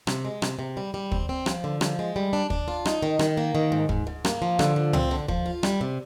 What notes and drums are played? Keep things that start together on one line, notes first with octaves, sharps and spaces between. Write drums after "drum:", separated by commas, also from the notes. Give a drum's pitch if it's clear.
C3, drum: rim click
G#3
C3, drum: rim click
C3
G3
G3
C4, drum: kick
C4
F3, drum: rim click
D3
F3, drum: rim click
G#3
G3
D4
D4, drum: kick
F4
D#4, drum: rim click
D#3
D#3, drum: rim click
A#3
D#3
G#2
G#2, drum: kick
G#2
A#3, drum: rim click
F3
D3, drum: rim click
F3
C4, drum: tom C#2
D3
F3, drum: kick
F4
G3, drum: rim click
C3